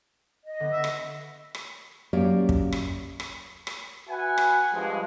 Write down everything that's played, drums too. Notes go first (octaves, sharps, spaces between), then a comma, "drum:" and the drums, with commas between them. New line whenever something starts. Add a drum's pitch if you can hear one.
D#5
D3 B3
E5
drum: rim click
drum: rim click
F#2 A#3 G4 C#5 D5
drum: kick
drum: rim click
drum: rim click
drum: rim click
F#4 B4 E5 F#5 G#5
drum: rim click
G2 F3 G#3